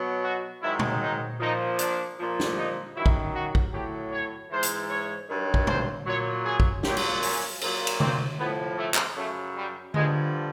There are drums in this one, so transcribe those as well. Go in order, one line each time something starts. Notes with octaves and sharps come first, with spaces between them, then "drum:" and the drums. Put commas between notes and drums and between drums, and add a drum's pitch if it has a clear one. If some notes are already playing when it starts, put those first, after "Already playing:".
Already playing: B2 F#3
F#4
G#2 D#3 F#3 E4
drum: tom
D#4
A#2 F3 D#4
D4, drum: hi-hat
A#2 F3
drum: snare
D#4
F#2 D#3 F#3 E4
drum: kick
F#4
drum: kick
A2 F#3 G4
C#5
G#2 E3 C5
drum: hi-hat
C#5
G2 D#3 F#3
drum: kick
C5, drum: tom
A#2 F#3 C#5
G#4
drum: kick
A#2 F#3 G4, drum: snare
drum: cymbal
C#4, drum: open hi-hat
A#2 F#3, drum: cymbal
drum: cymbal
C4, drum: tom C3
A2 F3 B3
A3
drum: clap
F#2 C#3 F#3 A3
G3
G2 D3 F3 G#3, drum: tom D3